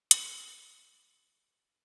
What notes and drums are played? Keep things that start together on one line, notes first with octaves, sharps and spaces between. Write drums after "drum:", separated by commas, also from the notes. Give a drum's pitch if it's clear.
drum: hi-hat
D6 D7